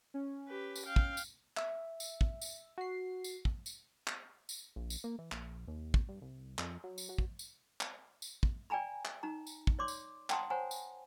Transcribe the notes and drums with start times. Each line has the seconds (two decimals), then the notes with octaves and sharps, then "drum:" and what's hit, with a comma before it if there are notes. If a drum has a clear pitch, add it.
0.14 C#4
0.49 G4 B4
0.76 drum: tambourine
0.86 F5 G5
0.96 drum: kick
1.17 drum: tambourine
1.57 E5, drum: clap
2.00 drum: tambourine
2.21 drum: kick
2.41 drum: tambourine
2.78 F#4 C7
3.24 drum: tambourine
3.45 drum: kick
3.66 drum: tambourine
4.07 drum: clap
4.49 drum: tambourine
4.76 A#1
4.90 drum: tambourine
5.04 A#3
5.19 E3
5.32 A#1, drum: clap
5.68 D#2
5.94 drum: kick
6.09 G2
6.22 C2
6.59 F2, drum: clap
6.84 F#3
6.98 drum: tambourine
7.09 F#3
7.18 drum: kick
7.39 drum: tambourine
7.81 drum: clap
8.22 drum: tambourine
8.43 drum: kick
8.70 D5 G5 G#5 A#5 B5
9.05 drum: clap
9.23 D#4 A#5
9.47 drum: tambourine
9.67 drum: kick
9.79 C#5 D5 C6 D6
9.88 drum: tambourine
10.30 F#5 G5 A5 A#5 C6 D#6, drum: clap
10.50 C5 C#5 F#5 G#5 A#5
10.71 drum: tambourine